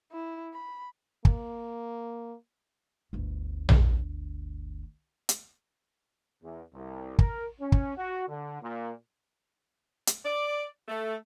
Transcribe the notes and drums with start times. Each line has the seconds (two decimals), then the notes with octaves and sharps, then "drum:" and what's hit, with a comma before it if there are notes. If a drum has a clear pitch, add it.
0.12 E4
0.53 B5
1.25 A#3, drum: kick
3.13 G1 D2
3.69 drum: tom A#1
5.29 drum: hi-hat
6.43 E2
6.74 C2
7.19 A#4, drum: kick
7.60 C#4
7.72 drum: kick
7.97 F#4
8.29 D3
8.62 A#2
10.07 drum: hi-hat
10.25 D5
10.88 A3